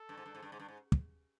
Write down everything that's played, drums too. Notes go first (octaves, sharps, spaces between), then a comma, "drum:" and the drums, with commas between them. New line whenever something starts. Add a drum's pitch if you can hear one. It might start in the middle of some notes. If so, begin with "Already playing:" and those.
Already playing: A4
G2
G#2
G2
G#2
G2
G#2
G2
G#2
drum: kick